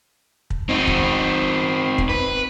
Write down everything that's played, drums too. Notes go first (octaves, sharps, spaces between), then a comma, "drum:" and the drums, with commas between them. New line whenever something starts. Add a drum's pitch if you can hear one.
drum: kick
C4 D#4
drum: kick
drum: kick
B4